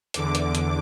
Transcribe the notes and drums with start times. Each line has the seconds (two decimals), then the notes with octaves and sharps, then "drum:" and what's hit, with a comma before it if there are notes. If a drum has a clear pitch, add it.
0.14 E2 D3 D6, drum: hi-hat
0.35 drum: hi-hat
0.55 drum: hi-hat